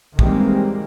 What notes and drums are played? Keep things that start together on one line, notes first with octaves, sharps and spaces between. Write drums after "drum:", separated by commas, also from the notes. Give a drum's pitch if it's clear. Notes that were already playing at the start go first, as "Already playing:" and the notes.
D#3 E3 G3 G#3 A#3 C4, drum: kick